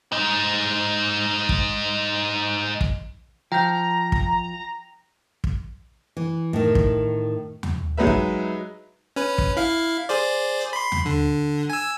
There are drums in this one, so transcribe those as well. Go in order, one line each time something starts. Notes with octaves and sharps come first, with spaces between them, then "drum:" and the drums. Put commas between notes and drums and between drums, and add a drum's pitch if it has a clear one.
G#2 D#4
drum: kick
drum: kick
F3 G5 A#5 G6
drum: kick
drum: kick
E3
A2 D#3
drum: kick
drum: tom
F#3 G#3 D#4 B4 E5
drum: kick
C#4 B4
drum: kick
E4 F5
G#4 C5 D5
B5 C6
drum: tom
D3
G#5 E6